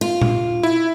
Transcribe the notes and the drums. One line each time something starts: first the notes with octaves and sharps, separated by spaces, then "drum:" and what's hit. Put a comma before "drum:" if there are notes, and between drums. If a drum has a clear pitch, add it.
F4
drum: tom A#2
E4